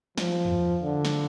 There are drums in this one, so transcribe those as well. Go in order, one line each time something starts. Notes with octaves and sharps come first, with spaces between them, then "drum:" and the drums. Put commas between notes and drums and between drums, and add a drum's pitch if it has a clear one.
F3, drum: snare
drum: tom E2
D3
drum: snare